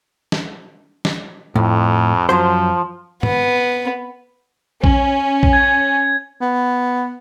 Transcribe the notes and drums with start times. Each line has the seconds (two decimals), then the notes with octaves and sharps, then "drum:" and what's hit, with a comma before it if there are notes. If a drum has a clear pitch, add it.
0.32 drum: snare
1.05 drum: snare
1.56 F2 A2
2.29 F#2 F3 F#3 C5
3.23 B3, drum: tom G2
4.84 C#4, drum: kick A#1
5.43 drum: kick A#1
5.53 G#6
6.41 B3